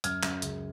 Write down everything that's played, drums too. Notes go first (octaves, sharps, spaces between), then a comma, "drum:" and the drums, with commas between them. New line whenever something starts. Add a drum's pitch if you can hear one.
F#2 F6 G#6, drum: hi-hat
F#2, drum: clap
C#2, drum: hi-hat